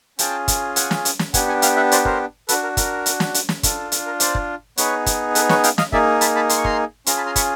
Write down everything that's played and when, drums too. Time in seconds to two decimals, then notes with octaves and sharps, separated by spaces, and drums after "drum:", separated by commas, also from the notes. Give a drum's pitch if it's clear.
0.19 C#4 F4 G#4 G5 A5, drum: hi-hat
0.48 drum: kick, hi-hat
0.76 F#5 G#5, drum: hi-hat
0.91 drum: snare
1.05 drum: hi-hat
1.19 drum: snare
1.34 B3 D4 G4 F#5 G#5, drum: kick, hi-hat
1.48 F#5 G#5
1.62 F5 G5, drum: hi-hat
1.76 E5 F#5
1.92 C5 D5, drum: hi-hat
2.05 A#4 C5, drum: kick
2.49 D4 F#4 A4 B4, drum: hi-hat
2.63 A#4
2.77 A#4, drum: kick, hi-hat
3.06 drum: hi-hat
3.20 drum: snare
3.34 drum: hi-hat
3.49 drum: snare
3.63 D4 F4 A4, drum: kick, hi-hat
3.92 A4, drum: hi-hat
4.06 A#4
4.20 C5 D5, drum: hi-hat
4.35 drum: kick
4.77 B3 D#4 G#4 B4 C#5, drum: hi-hat
5.06 drum: kick, hi-hat
5.35 A4 B4, drum: hi-hat
5.49 B4 C#5, drum: snare
5.64 F5 G5, drum: hi-hat
5.78 D#5 F5, drum: snare
5.92 A#3 D#4 G#4 D5 E5, drum: kick
6.21 A5 B5, drum: hi-hat
6.35 A5 B5
6.49 C6, drum: hi-hat
6.58 C#6
6.65 A#5 C6, drum: kick
7.06 C#4 F4 G#4 A#5 C6, drum: hi-hat
7.16 A5 B5
7.26 A#5 C6
7.36 B5 C#6, drum: kick, hi-hat